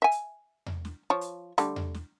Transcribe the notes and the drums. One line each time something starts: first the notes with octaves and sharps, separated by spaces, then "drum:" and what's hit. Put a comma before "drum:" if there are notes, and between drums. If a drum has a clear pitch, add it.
E5 G#5
drum: hi-hat
drum: tom E2
drum: snare
F3 C#5
drum: hi-hat
D3 G3 A3, drum: hi-hat
drum: tom E2
drum: snare